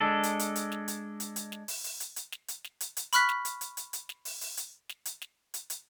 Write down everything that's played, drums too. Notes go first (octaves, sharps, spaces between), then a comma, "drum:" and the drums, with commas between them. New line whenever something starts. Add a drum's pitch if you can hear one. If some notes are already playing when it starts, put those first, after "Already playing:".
G#3 D4 A4
drum: hi-hat
drum: hi-hat
drum: hi-hat
drum: snare
drum: hi-hat
drum: hi-hat
drum: hi-hat
drum: snare
drum: open hi-hat
drum: open hi-hat
drum: hi-hat
drum: hi-hat
drum: snare
drum: hi-hat
drum: snare
drum: hi-hat
drum: hi-hat
B5 C#6 F6 F#6 B6, drum: hi-hat
drum: snare
drum: hi-hat
drum: hi-hat
drum: hi-hat
drum: hi-hat
drum: snare
drum: open hi-hat
drum: open hi-hat
drum: hi-hat
drum: snare
drum: hi-hat
drum: snare
drum: hi-hat
drum: hi-hat